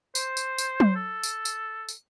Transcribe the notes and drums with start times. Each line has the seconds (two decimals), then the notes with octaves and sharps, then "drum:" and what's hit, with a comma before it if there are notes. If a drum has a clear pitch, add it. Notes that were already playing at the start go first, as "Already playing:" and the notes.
0.15 C5, drum: tambourine
0.37 drum: tambourine
0.58 drum: tambourine
0.80 drum: tom F#3
0.95 A4
1.23 drum: tambourine
1.45 drum: tambourine
1.89 drum: tambourine